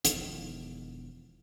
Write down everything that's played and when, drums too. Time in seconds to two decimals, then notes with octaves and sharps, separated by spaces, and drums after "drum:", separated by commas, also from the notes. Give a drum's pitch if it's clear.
0.05 E1 E2 D#3 F3, drum: hi-hat